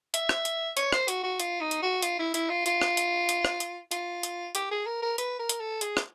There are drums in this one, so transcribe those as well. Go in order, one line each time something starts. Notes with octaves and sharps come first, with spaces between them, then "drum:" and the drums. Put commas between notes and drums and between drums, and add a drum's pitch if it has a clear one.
E5, drum: hi-hat
drum: rim click
drum: hi-hat
C#5, drum: hi-hat
C5, drum: rim click
F#4, drum: hi-hat
F#4
F4, drum: hi-hat
D#4
drum: hi-hat
F#4
F4, drum: hi-hat
E4
E4, drum: hi-hat
F4
F4, drum: hi-hat
drum: rim click
drum: hi-hat
drum: hi-hat
drum: rim click
drum: hi-hat
F4, drum: hi-hat
drum: hi-hat
G4, drum: hi-hat
G#4
A#4
A#4
B4, drum: hi-hat
A#4
drum: hi-hat
A4
G#4, drum: hi-hat
drum: rim click